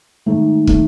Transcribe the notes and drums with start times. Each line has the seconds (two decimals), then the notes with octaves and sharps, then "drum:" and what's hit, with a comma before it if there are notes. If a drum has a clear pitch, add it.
0.26 G#2 D#3 A3 D#4
0.67 D#3 A3 D#4, drum: kick